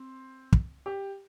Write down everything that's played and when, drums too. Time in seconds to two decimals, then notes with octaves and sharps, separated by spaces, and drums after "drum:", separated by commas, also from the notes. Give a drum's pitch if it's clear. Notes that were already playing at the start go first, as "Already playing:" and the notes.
Already playing: C4
0.53 drum: kick
0.86 G4